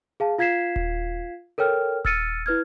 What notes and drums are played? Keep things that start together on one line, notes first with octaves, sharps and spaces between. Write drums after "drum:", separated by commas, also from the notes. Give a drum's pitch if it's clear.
G#4 F5 A5
F4 F5 G#6 B6 C7 E7
drum: kick D#1
A4 A#4 C#5 G5 F6
E6 F6 A6 C#7 D#7, drum: kick D#1
E4 B4 F6 G#6